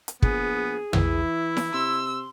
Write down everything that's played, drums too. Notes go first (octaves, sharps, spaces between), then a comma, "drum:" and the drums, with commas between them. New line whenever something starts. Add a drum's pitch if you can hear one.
drum: hi-hat
A#1 B3 G#4, drum: kick
E3 E4, drum: tom
drum: snare E4
C3 C6 E6